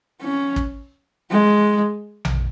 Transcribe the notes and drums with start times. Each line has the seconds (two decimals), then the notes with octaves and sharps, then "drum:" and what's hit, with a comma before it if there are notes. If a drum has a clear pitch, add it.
0.22 C#4
0.56 drum: kick
1.31 G#3
2.25 drum: tom A#1